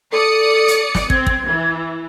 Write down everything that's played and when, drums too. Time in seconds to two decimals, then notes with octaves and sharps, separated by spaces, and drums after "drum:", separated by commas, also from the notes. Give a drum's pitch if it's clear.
0.12 A4 D5 D#6 C#7
0.68 drum: hi-hat
0.95 drum: snare
1.10 C4 G#6, drum: kick
1.27 drum: kick
1.47 E3